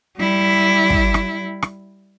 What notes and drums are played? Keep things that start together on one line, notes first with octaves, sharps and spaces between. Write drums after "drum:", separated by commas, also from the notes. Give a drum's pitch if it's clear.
G3 E4
drum: kick
drum: rim click
drum: rim click